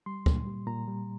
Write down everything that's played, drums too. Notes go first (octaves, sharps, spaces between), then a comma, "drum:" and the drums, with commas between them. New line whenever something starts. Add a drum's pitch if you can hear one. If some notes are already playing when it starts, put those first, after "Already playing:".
G3 C6
A#2, drum: kick D2
G3
A#2 A#5
G3